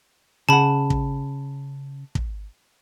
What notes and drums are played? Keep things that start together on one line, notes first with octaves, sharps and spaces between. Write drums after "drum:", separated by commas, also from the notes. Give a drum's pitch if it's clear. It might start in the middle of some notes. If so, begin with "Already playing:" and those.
C#3 F#5 A5 B5
drum: kick
drum: kick